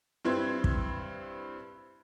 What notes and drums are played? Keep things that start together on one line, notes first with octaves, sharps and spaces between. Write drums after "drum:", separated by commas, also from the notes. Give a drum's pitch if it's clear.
G2 C4 E4 B4 C6 G#6
drum: kick